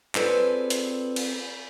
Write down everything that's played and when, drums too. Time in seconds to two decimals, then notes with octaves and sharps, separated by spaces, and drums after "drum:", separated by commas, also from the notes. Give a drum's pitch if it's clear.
0.15 C4 F4 G#4 A4 B4 D5, drum: clap
0.70 drum: hi-hat
1.16 drum: cymbal